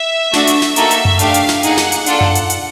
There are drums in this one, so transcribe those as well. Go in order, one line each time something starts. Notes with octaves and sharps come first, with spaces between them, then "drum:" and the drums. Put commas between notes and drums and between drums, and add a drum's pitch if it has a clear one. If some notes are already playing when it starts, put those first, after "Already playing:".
Already playing: E5
A3 D4 F#4, drum: snare
drum: hi-hat
drum: snare
A#3 D#4 F#4 A4 E5, drum: hi-hat
drum: hi-hat
drum: tom F#2
A3 D4 G4 F5, drum: hi-hat
drum: hi-hat
drum: snare
A#3 D#4 G#4 F#5, drum: hi-hat
drum: snare
drum: hi-hat
D4 F4 A4, drum: hi-hat
drum: tom F#2
drum: hi-hat
drum: hi-hat